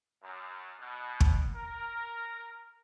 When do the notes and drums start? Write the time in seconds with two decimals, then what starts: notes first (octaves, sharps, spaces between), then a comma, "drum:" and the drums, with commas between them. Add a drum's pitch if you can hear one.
0.23 F#2
0.79 B2
1.20 drum: kick
1.55 A#4